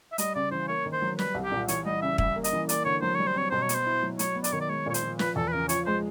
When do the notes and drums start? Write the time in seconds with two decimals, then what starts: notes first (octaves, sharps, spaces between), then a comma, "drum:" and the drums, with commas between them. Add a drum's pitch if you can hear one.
0.12 E5
0.18 G3 D#5, drum: hi-hat
0.35 C#3 D5
0.51 E3 C5
0.68 A#3 C#5
0.86 D#3
0.93 C5
1.02 F#3
1.19 G3 B4, drum: snare
1.35 C2
1.44 G4
1.51 A#2
1.68 E3 C#5, drum: hi-hat
1.85 G3 D#5
2.02 C#3 E5
2.18 G3 E5, drum: kick
2.36 A#3
2.44 D#5, drum: hi-hat
2.53 E3
2.69 A#3 D5, drum: hi-hat
2.85 D3 C#5
3.02 F#3 C5
3.15 G3 C#5
3.27 C5
3.36 C4 C#5
3.50 B2 C5
3.62 C#5
3.69 B3, drum: hi-hat
3.74 C5
3.86 E4
4.03 F#3
4.19 F#3 C#5, drum: hi-hat
4.36 B3
4.44 D5, drum: hi-hat
4.53 D#3 C#5
4.61 D5
4.69 G#3 C#5
4.86 A#2 C#5
4.94 C5, drum: hi-hat
5.03 F3
5.19 F3 B4, drum: snare
5.36 E2 A4
5.48 B4
5.53 C#3 A#4
5.69 F3 C#5, drum: hi-hat
5.86 G#3 C5